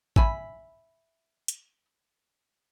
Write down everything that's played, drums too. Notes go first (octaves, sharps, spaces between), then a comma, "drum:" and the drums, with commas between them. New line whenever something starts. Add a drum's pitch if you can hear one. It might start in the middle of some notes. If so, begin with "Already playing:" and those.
E5 G#5 B5, drum: kick A1
drum: hi-hat